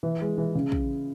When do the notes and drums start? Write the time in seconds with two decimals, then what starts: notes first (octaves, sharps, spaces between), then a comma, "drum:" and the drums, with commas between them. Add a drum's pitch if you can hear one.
0.03 E3
0.21 G#3
0.38 E3
0.55 C#3
0.72 drum: kick